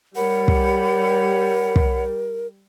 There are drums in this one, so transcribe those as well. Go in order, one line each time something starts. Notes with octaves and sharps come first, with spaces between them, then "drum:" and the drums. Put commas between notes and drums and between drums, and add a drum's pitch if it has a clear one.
G3 A#4 C#5 F#5 B5
drum: kick
drum: kick